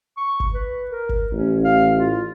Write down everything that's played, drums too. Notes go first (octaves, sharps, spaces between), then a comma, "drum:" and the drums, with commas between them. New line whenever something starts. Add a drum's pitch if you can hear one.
C#6
drum: kick G#1
B4
A#4
drum: kick G#1
A1 C#4
F5
F4